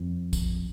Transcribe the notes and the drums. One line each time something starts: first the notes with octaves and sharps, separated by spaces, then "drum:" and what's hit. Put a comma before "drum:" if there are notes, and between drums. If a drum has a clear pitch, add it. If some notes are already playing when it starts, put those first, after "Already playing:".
Already playing: F2
drum: kick, tambourine